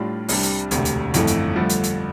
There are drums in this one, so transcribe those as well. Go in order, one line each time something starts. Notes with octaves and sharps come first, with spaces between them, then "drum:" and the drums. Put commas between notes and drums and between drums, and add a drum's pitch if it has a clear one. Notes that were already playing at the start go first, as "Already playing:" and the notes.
Already playing: A2 G3 D4 F4
C2 C3 G3 D4, drum: open hi-hat
drum: hi-hat
E1 D2 C3, drum: hi-hat
drum: hi-hat
G1 F2 E3 A3, drum: hi-hat
drum: hi-hat
G2 D3 F3 A3
drum: hi-hat
drum: hi-hat